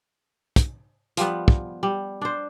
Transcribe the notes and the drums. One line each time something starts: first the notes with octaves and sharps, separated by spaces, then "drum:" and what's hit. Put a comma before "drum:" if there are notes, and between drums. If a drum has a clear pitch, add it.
drum: kick, hi-hat
F3 G3 B3, drum: hi-hat
drum: kick
G3
D4 C5